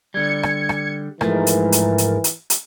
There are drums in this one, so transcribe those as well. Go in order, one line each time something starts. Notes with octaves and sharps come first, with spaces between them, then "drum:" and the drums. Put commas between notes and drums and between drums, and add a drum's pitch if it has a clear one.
D3 G3 G#6 C#7
drum: rim click
drum: rim click
G#2 E3 F3 A3 A#4, drum: rim click
drum: hi-hat
drum: hi-hat
drum: hi-hat
drum: hi-hat
drum: hi-hat